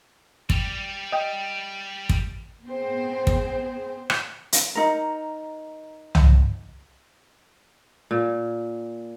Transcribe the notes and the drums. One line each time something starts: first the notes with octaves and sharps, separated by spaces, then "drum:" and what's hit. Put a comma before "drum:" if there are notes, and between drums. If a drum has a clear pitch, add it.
G3 G4, drum: kick
D#5 G5
drum: kick
B3 C4 G#4 C5
drum: kick
drum: rim click
drum: hi-hat
D#4 A#4
drum: tom
A#2